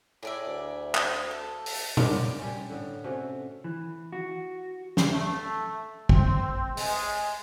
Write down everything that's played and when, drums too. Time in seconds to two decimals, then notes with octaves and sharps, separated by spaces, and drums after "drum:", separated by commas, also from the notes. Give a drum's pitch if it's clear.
0.23 A2 G#4 D5 E5
0.47 D2
0.95 drum: clap
1.31 A4
1.66 drum: open hi-hat
1.97 F#2 D5, drum: tom A#2
2.39 G3 C#4
2.69 A2 D3
3.04 C3 A3 C#4 F#4
3.64 E3
4.12 F#4
4.97 drum: snare
5.09 A3
6.09 C4, drum: kick
6.77 G#3, drum: open hi-hat